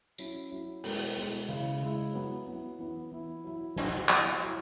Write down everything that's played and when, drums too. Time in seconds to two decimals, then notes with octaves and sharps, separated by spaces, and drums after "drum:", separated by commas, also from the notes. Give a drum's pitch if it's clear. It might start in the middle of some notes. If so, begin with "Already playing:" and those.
0.18 F#3 C#4 E4, drum: tambourine
0.51 F#3 C#4 E4
0.84 B2 G#3 E4, drum: open hi-hat
1.16 B2 G#3 E4
1.49 C#3 G#3 E4
1.81 C#3 G#3 E4
2.14 F#3 B3 E4
2.47 F#3 B3 E4
2.79 E3 B3 E4
3.11 E3 B3 E4
3.44 F#3 E4
3.76 F#3 E4, drum: snare
4.09 F#3 E4, drum: clap
4.42 F#3 E4